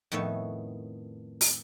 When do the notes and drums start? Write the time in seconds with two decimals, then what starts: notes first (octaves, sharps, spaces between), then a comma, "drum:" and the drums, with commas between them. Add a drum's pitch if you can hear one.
0.12 F2 A2 D#3 B3 C#5 E5
1.41 drum: open hi-hat